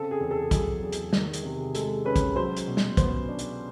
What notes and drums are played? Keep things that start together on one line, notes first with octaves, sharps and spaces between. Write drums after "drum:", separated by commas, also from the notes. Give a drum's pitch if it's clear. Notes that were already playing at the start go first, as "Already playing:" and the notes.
Already playing: C#3 C4 A4
G#4
E2
A4
F#3 G#4, drum: kick, hi-hat
E2
drum: hi-hat
D#3, drum: snare
drum: hi-hat
C3
G#3 A4, drum: hi-hat
C#4 B4
drum: kick, hi-hat
F#3 C5
drum: hi-hat
B2
drum: snare
B3 C5, drum: kick, hi-hat
D4
drum: hi-hat